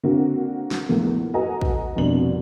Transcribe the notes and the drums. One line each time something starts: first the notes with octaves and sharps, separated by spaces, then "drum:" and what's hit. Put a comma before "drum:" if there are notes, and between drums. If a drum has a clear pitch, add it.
D3 A#3 C4 F#4
drum: snare
A#1 E2 A3 A#3
F#4 A4 B4 D#5 G#5 A#5
drum: kick
F1 C2 B2 D4 F#7